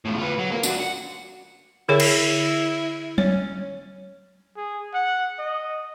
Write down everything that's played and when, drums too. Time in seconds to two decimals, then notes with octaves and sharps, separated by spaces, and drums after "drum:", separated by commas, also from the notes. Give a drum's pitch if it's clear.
0.05 C#2 A2
0.18 F4 B4
0.38 F#3
0.51 A#3 A#4
0.63 D4 F#4, drum: tambourine
0.79 F#5
1.89 D3 E4 G#4 C#5
2.00 drum: cymbal
3.18 C#4 C#5, drum: tom F#3
4.57 G#4
4.94 F#5
5.39 D#5